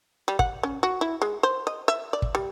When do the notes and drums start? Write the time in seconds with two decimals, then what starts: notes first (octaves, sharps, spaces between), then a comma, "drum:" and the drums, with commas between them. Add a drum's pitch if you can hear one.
0.28 G3
0.39 F#5, drum: kick
0.63 C#4
0.83 F#4
1.01 E4
1.22 G#3
1.43 C5
1.67 D#5
1.88 E5
2.13 D5
2.22 drum: kick
2.35 G3